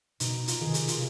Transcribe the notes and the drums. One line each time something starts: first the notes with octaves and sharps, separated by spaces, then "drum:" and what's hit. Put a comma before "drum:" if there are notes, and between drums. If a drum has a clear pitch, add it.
B2 D#4, drum: hi-hat
F4, drum: hi-hat
C3 D#3 G#4
G4, drum: hi-hat
F4, drum: hi-hat